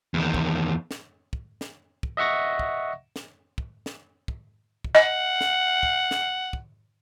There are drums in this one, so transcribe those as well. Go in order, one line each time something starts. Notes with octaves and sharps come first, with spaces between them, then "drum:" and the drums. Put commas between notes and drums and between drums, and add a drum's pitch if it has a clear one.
E2 D#3
drum: kick
drum: snare
drum: kick
drum: snare
drum: kick
D#5 E5 F#5 C#6 A#6
drum: kick
drum: snare
drum: kick
drum: snare
drum: kick
drum: kick
D#5 F#5
drum: snare
drum: kick
drum: snare
drum: kick